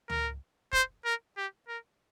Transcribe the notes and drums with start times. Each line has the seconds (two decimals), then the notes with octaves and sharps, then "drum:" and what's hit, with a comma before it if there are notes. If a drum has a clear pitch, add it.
0.10 A#4, drum: tom C#2
0.73 C5, drum: kick
1.05 A#4
1.37 G4
1.68 A#4